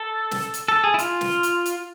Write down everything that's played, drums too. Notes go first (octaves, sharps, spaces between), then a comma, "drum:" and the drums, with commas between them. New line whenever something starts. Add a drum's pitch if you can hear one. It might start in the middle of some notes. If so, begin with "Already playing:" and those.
Already playing: A4
drum: snare
drum: hi-hat
A4
G#4
E4
F4, drum: hi-hat
drum: snare
drum: hi-hat
drum: hi-hat